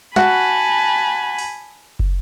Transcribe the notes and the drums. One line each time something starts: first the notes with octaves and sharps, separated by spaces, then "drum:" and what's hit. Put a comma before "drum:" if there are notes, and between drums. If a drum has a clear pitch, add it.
F#4 G#5 A5 B5, drum: snare
drum: open hi-hat
drum: kick